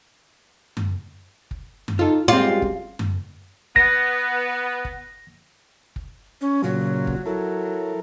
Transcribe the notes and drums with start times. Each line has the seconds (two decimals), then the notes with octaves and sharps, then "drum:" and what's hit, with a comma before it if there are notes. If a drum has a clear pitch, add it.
0.77 drum: tom F#2
1.51 drum: kick
1.88 drum: tom F#2
1.99 D#4 F4 A4
2.28 F#2 G3 G#3 C4 F4 D5
2.62 drum: kick
2.99 drum: tom F#2
3.76 B3 A#6, drum: kick
4.85 drum: kick
5.96 drum: kick
6.41 C#4
6.64 A#2 C#3 F#3 F4
7.07 drum: kick
7.26 F#3 E4 A4 A#4